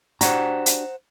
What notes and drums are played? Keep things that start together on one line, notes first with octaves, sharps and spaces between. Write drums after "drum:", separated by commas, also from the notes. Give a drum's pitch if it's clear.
D4 F#4 G4 C5 F#5 A#5, drum: hi-hat
drum: hi-hat